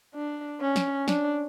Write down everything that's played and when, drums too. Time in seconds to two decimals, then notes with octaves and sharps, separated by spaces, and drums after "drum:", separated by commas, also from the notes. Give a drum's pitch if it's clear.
0.15 D4
0.61 C#4
0.76 drum: snare
1.08 D4, drum: snare